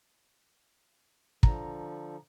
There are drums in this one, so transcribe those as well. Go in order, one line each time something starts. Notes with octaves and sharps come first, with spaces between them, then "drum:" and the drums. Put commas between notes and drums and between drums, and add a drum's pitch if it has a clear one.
D3 F3 A#5, drum: kick